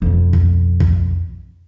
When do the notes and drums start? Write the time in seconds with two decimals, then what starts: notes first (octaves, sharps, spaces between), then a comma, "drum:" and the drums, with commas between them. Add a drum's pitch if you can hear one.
0.02 F2 B2
0.33 drum: kick
0.80 drum: kick